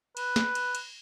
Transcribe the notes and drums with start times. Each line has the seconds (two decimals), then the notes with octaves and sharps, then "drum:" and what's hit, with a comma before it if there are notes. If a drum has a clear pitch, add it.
0.17 B4, drum: cymbal
0.36 drum: snare
0.55 drum: cymbal
0.75 drum: cymbal